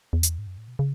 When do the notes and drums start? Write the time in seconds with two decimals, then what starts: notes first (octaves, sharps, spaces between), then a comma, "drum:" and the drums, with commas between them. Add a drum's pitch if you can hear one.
0.13 E2
0.23 drum: hi-hat
0.39 G#2
0.47 F#2
0.58 A2
0.68 B2
0.79 C#3